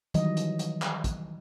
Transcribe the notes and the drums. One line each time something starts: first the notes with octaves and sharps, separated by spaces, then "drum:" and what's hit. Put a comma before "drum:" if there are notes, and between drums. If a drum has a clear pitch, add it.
D#3 E3 F#3 G3 D#5, drum: hi-hat
drum: hi-hat
drum: hi-hat
drum: clap
drum: kick, hi-hat